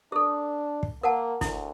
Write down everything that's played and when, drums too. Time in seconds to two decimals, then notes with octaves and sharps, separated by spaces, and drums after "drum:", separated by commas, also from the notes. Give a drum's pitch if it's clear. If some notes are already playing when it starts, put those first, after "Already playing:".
0.12 D4 G#4 A4
0.83 drum: kick
1.03 A#3 A#4 F#5 A5
1.41 D2 E4, drum: snare